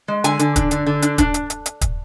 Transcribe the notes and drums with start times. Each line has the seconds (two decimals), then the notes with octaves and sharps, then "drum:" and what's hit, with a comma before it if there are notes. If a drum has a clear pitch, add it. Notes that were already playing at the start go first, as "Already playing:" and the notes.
0.08 G#3
0.24 D3 G#5, drum: hi-hat
0.39 D3, drum: hi-hat
0.56 D4, drum: kick, hi-hat
0.71 D3, drum: hi-hat
0.86 D3
1.02 D4, drum: hi-hat
1.18 D4, drum: kick, hi-hat
1.34 drum: hi-hat
1.50 drum: hi-hat
1.66 drum: hi-hat
1.81 drum: kick, hi-hat